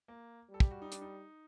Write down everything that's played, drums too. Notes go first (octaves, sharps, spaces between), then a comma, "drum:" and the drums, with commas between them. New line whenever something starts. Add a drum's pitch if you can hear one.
A#3
G3 A4
G4, drum: kick
F#4
D#4
D4, drum: hi-hat
D#4